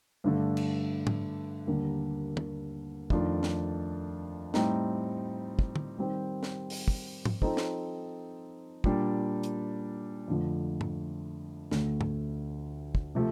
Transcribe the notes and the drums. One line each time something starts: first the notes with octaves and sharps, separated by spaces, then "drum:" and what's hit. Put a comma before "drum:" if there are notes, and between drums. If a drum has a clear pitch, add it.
G2 D3 A3
drum: cymbal
drum: tom G#2
D#2 D3 G3 A#3 D4
drum: tom
F2 D#3 A3 D4 F4, drum: kick
drum: snare
A2 G3 C4 D#4, drum: snare
drum: kick
drum: tom D3
D#3 G3 C4 G4 C5
drum: snare
drum: open hi-hat
drum: kick
drum: tom G#2
F3 C4 D#4 A4 C5, drum: kick
drum: snare
A#2 G3 D4, drum: kick
drum: hi-hat
F2 D3 F3 A3
drum: tom
D2 D3 A3, drum: snare
drum: tom
drum: kick
C3 F3 A3